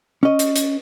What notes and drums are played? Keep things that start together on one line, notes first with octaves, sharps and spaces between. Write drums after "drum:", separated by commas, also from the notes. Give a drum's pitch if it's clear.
C#4 D#5
drum: hi-hat
drum: hi-hat